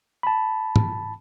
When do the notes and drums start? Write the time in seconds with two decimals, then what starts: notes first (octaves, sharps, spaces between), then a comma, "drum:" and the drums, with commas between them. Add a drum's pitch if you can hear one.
0.23 A5 B5
0.76 drum: tom